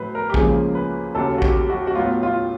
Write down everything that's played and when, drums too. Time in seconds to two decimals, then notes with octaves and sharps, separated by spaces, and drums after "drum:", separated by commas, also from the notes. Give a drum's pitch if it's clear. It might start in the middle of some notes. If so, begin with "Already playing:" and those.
Already playing: A2 F#3 A3 B4 C5
0.15 A#4
0.30 G4
0.34 C#2 C#3 F3 A#3 G#4, drum: kick A#1
0.75 B4
1.15 D#2 C#3 F#3 A4
1.38 F#4
1.42 G4, drum: kick A#1
1.70 F#4
1.87 F#4
1.95 A2 F#3 B3 F4
2.23 F4